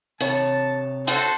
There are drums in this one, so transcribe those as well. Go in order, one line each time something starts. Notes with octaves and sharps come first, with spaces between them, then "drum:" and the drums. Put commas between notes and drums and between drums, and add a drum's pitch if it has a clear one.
C3 C#5 A5, drum: hi-hat
F#4 A4 C5, drum: hi-hat